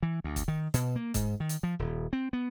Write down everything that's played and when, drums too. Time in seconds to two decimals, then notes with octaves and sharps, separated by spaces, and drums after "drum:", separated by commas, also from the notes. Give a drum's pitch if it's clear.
0.03 E3
0.24 D2
0.36 drum: kick, hi-hat
0.48 D#3
0.74 B2, drum: hi-hat
0.96 A#3
1.14 G#2, drum: kick, hi-hat
1.40 D#3
1.49 drum: hi-hat
1.63 F3
1.79 D#1
2.13 C4
2.33 B3